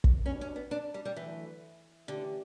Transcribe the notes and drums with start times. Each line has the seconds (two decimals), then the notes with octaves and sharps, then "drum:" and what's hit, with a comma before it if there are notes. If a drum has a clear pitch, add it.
0.04 drum: kick
0.26 B2 G3 C#4 D4
0.41 C#4
0.56 B3
0.71 D4
0.94 G3
1.05 G3
1.16 D3 E3 F#3 A3
2.08 D3 E3 A3 C#4 G4